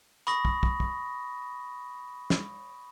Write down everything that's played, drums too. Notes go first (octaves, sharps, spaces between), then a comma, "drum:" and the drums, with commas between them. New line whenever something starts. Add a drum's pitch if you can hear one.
B5 C#6 D#6 A#6, drum: hi-hat
drum: kick
drum: kick
drum: kick
drum: snare